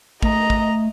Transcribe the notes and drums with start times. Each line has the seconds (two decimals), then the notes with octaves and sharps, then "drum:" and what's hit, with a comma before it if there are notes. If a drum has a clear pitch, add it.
0.23 A3 D#5 A#5, drum: kick
0.50 drum: kick